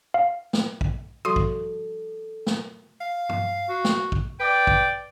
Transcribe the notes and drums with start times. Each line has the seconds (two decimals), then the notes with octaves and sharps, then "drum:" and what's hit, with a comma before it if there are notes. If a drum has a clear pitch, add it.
0.14 F5
0.53 drum: snare
0.81 drum: kick
1.25 F3 G3 F#4 A4 C6 D#6
1.36 drum: kick
2.47 drum: snare
3.01 F5
3.29 drum: tom G2
3.69 F#4
3.85 drum: snare
4.12 drum: kick
4.40 B4 D5 G5 D6
4.67 drum: kick